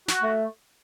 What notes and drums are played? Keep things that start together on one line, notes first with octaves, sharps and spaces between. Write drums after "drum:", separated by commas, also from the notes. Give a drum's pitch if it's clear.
F#4, drum: snare
A3